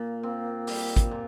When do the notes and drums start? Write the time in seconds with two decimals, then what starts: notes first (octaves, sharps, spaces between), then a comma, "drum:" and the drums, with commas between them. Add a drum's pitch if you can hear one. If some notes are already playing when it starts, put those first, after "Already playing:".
Already playing: A#2 A#3
0.23 C4
0.67 G3, drum: open hi-hat
0.96 drum: kick, hi-hat
1.11 A#2